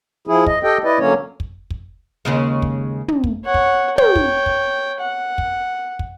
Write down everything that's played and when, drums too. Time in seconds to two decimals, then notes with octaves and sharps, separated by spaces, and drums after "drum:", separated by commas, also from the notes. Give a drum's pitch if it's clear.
0.27 F3 E4 G#4
0.46 D#5, drum: kick
0.63 G4 A4 D#5 G5
0.84 E4 B4 D5 D#5
0.99 D3 F#3 A#3 C#4 C#5
1.40 drum: kick
1.70 drum: kick
2.25 D#2 C#3 G#3
2.62 drum: kick
3.08 drum: tom
3.24 drum: kick
3.45 C#5 F#5
3.54 drum: kick
3.98 C#5 G5, drum: tom
4.16 drum: kick
4.46 drum: kick
5.00 F#5
5.38 drum: kick
5.99 drum: kick